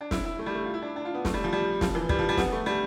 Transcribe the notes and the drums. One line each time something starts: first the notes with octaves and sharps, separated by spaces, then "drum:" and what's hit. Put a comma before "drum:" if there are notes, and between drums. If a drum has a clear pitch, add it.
D4
E4, drum: snare
E4
A3
G3
A3
F4
E4
D4
D4
F4
B3
A3, drum: snare
G3
F3
G3
F3, drum: snare
E3
G3, drum: kick
F3
G3
B3, drum: snare
A3
G3